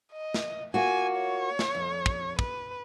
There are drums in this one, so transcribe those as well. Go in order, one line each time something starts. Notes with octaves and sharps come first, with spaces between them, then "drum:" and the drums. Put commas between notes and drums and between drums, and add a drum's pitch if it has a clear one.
D#5
drum: snare
A#3 F4 F#4 G#5
C#5
drum: snare
F2
drum: kick
B4, drum: kick